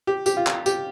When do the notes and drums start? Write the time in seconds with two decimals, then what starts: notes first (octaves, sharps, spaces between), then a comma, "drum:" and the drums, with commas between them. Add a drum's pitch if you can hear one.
0.07 G4
0.26 G4, drum: tambourine
0.37 F4
0.47 drum: clap
0.66 G4, drum: tambourine